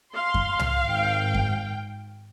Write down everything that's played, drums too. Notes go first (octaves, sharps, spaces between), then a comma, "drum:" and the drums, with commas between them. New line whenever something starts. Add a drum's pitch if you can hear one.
F5 C6
drum: kick F#2
drum: tom C2
G#1 G5
drum: kick F#2